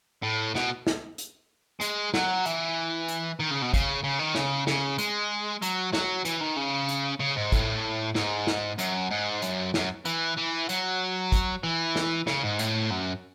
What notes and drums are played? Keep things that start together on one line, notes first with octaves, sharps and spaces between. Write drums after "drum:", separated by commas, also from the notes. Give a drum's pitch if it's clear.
A2
B2, drum: snare
drum: snare
drum: hi-hat
G#3, drum: hi-hat
F#3, drum: snare
E3, drum: hi-hat
drum: hi-hat
D#3
C#3
B2
C#3, drum: kick, hi-hat
C#3
D#3
C#3, drum: snare
C#3, drum: snare
G#3, drum: hi-hat
F#3, drum: hi-hat
F#3, drum: snare
E3, drum: hi-hat
D#3
C#3
drum: hi-hat
C#3
G#2
A2, drum: kick, hi-hat
G#2, drum: snare
drum: snare
F#2, drum: hi-hat
G#2
F#2, drum: hi-hat
F#2, drum: snare
E3, drum: hi-hat
E3
F#3, drum: hi-hat
drum: kick, hi-hat
E3
drum: snare
C#3, drum: snare
G#2
A2, drum: hi-hat
F#2